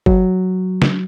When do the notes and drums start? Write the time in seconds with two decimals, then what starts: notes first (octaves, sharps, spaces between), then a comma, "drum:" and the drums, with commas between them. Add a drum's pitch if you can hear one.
0.06 F#3, drum: kick
0.82 drum: snare